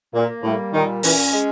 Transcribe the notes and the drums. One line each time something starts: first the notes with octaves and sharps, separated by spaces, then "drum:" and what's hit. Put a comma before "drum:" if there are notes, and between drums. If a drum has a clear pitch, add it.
A#2 A#3
A2 G3
A#2 D#3
E3 C#4, drum: open hi-hat
G#3